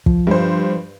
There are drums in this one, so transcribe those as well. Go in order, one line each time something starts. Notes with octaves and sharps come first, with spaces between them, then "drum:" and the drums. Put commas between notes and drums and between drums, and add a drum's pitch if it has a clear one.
F3, drum: kick
G2 C5